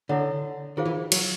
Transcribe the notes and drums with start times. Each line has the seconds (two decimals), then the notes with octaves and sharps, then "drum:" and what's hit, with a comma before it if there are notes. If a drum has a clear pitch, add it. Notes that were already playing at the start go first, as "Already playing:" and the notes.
0.09 D3 E4 A4 C#5 F#5
0.77 D#3 F4 G#4 C5 F5
0.85 E3
1.12 F#3, drum: cymbal